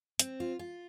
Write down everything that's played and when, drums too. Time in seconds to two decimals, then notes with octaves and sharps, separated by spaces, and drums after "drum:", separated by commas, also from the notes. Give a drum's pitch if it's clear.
0.19 C4, drum: hi-hat
0.40 F4
0.59 F4